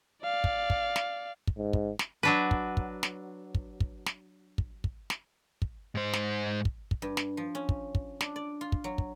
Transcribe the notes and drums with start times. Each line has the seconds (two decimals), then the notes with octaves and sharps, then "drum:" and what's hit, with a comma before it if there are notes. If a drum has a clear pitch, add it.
0.23 D5 F5
0.44 drum: kick
0.70 drum: kick
0.96 drum: snare
1.47 drum: kick
1.57 G#2
1.73 drum: kick
1.99 drum: snare
2.23 F#3 D4 B4
2.51 drum: kick
2.77 drum: kick
3.03 drum: snare
3.55 drum: kick
3.80 drum: kick
4.06 drum: snare
4.58 drum: kick
4.84 drum: kick
5.10 drum: snare
5.62 drum: kick
5.95 G#2 C5
6.13 drum: snare
6.65 drum: kick
6.91 drum: kick
7.02 G2
7.17 drum: snare
7.37 F3
7.55 C#4
7.69 drum: kick
7.95 drum: kick
8.21 D4, drum: snare
8.36 D5
8.61 F4
8.72 drum: kick
8.84 F#3
8.98 drum: kick